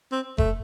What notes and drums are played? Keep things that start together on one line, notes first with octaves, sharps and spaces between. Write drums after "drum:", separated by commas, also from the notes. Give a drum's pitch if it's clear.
C4
A3, drum: kick F1